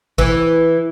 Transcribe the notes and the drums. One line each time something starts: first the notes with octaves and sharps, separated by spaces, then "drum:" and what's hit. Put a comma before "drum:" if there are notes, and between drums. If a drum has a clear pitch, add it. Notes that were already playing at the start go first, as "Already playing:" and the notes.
E3, drum: kick A1